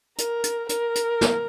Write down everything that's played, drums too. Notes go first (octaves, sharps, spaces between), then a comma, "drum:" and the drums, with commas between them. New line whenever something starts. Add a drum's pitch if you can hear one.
A#4, drum: hi-hat
drum: hi-hat
A#4, drum: hi-hat
drum: hi-hat
drum: snare